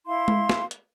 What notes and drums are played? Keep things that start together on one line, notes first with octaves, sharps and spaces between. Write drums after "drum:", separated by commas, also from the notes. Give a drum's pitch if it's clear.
E4 F5 C6
drum: tom G#3
drum: snare
drum: hi-hat